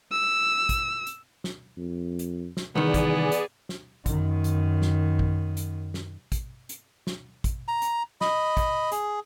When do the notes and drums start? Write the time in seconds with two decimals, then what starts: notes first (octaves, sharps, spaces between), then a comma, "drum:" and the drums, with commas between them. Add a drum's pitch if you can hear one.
0.12 E6
0.69 drum: kick, hi-hat
1.07 drum: hi-hat
1.44 drum: snare
1.77 F2
2.19 drum: hi-hat
2.57 drum: snare
2.75 C2 D#3 E3 B3 G#4 D5 G#5
2.94 drum: kick, hi-hat
3.32 drum: hi-hat
3.69 drum: snare
4.06 F#2 D#3, drum: kick, hi-hat
4.44 drum: hi-hat
4.82 drum: snare
5.19 drum: kick
5.57 drum: hi-hat
5.94 drum: snare
6.32 drum: kick, hi-hat
6.69 drum: hi-hat
7.07 drum: snare
7.44 drum: kick, hi-hat
7.68 A#5
7.82 drum: hi-hat
8.21 D#5 B5, drum: snare
8.57 drum: kick, hi-hat
8.92 G#4, drum: hi-hat